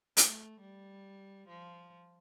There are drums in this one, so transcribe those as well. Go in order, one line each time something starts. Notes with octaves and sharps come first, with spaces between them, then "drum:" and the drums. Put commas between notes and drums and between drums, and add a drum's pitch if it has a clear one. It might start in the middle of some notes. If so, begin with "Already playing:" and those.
A3, drum: hi-hat
G3
F3